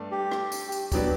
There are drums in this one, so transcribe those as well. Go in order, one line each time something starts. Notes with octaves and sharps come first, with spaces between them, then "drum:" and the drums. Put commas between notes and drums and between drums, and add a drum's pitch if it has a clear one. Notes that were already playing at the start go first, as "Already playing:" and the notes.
Already playing: G2 A3 D4
G4
drum: rim click
drum: tambourine
drum: tambourine
F#3 B3 D4 G4, drum: kick D2, tambourine